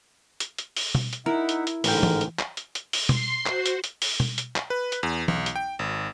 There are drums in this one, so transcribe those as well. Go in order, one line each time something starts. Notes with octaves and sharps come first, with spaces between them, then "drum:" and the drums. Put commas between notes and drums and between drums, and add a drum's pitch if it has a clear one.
drum: hi-hat
drum: hi-hat
drum: open hi-hat
drum: tom B2
drum: hi-hat
D#4 E4 A#4 E5 F#5
drum: hi-hat
drum: hi-hat
A1 G#2 D3 A#4 B4 G5, drum: open hi-hat
drum: tom E3
drum: hi-hat
drum: clap
drum: hi-hat
drum: hi-hat
drum: open hi-hat
C6 C7, drum: tom
F#4 C5, drum: clap
drum: hi-hat
drum: hi-hat
drum: open hi-hat
drum: tom
drum: hi-hat
drum: clap
B4
drum: hi-hat
E2
B1, drum: tom E3
drum: hi-hat
G5
G#1